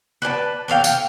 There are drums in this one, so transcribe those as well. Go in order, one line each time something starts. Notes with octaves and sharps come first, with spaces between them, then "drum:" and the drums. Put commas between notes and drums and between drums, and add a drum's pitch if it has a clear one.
B4 D5 G5 A5
E3 A4 F5 G5
F5, drum: tambourine